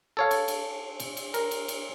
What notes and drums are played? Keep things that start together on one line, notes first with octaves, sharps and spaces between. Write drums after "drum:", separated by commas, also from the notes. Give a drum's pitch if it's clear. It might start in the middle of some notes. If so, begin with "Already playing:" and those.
A4 C#5 F5
drum: cymbal
drum: cymbal
drum: cymbal
drum: cymbal
A#4, drum: cymbal
drum: cymbal
drum: cymbal